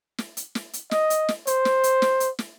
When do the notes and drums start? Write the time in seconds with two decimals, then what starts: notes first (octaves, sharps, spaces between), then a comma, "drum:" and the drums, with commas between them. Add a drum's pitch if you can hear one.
0.18 drum: snare
0.37 drum: hi-hat
0.55 drum: snare
0.73 drum: hi-hat
0.91 D#5, drum: snare
1.10 drum: hi-hat
1.29 drum: snare
1.47 C5, drum: hi-hat
1.65 drum: snare
1.84 drum: hi-hat
2.02 drum: snare
2.20 drum: hi-hat
2.39 drum: snare